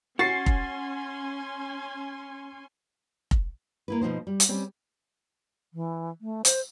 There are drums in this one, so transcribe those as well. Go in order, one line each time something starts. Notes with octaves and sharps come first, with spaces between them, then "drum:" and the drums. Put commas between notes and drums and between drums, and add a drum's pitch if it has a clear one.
C#4 F#4 G#5 C6 A6 C7
drum: kick F1
drum: kick F1
A#3 E4 B4
B2 F3 D#4 C5
G3
drum: hi-hat
G3 C4 C#4
E3
A3
C5, drum: hi-hat